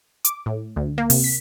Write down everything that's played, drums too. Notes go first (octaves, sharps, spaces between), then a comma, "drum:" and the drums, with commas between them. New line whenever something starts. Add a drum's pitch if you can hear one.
D6, drum: hi-hat
A2
D2
A#3
C3, drum: open hi-hat
B6